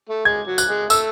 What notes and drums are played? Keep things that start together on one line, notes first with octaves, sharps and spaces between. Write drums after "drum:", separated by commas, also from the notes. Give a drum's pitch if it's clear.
A3
G#3 G#6
F#3
F#6, drum: tambourine
G#3
A3 E6, drum: tambourine